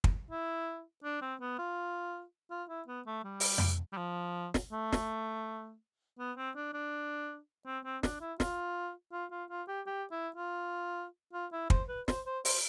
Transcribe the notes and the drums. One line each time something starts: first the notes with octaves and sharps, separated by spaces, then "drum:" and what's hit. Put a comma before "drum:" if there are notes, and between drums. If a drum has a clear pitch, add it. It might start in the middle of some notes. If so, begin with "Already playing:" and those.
drum: kick
E4
D4
C4
B3
F4
F4
E4
B3
A3
G3
drum: open hi-hat
drum: tom F2
G3
F3
drum: snare
A3
drum: snare
B3
C4
D4
D4
C4
C4
D4, drum: snare
E4
F4, drum: snare
F4
F4
F4
G4
G4
E4
F4
F4
E4
C5, drum: kick
B4
C5, drum: snare
C5
C5, drum: open hi-hat